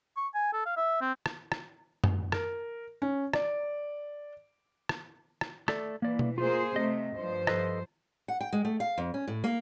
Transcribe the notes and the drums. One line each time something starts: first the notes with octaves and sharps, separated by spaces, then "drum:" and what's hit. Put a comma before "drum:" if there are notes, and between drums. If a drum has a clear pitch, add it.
C#6
G#5
A4
F5
E5
C4
drum: rim click
drum: rim click
drum: tom
A#4, drum: rim click
C#4
D5, drum: rim click
drum: rim click
drum: rim click
A3 A4 D5, drum: rim click
E3 A#3 D5
drum: tom B2
A#3 F4 G#4 C5
C3 A3 D#5
G2 F3 C5
A4 B4 D#5, drum: rim click
F#5
G5
G#3
A3
F5
F2
C#4
A2
A#3